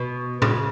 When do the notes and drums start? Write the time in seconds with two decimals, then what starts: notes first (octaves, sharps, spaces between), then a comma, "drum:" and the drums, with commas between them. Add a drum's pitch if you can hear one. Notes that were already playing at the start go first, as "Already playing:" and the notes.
Already playing: B2
0.42 C#3, drum: tom A2